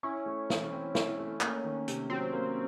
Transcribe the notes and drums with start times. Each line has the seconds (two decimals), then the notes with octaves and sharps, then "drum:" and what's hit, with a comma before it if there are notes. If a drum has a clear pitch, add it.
0.03 C#4 E4
0.26 A3
0.50 E3, drum: snare
0.73 C4
0.95 E4, drum: snare
1.18 A3
1.41 A#3, drum: clap
1.64 D#3
1.88 C3, drum: hi-hat
2.10 F#3 C4
2.33 A#3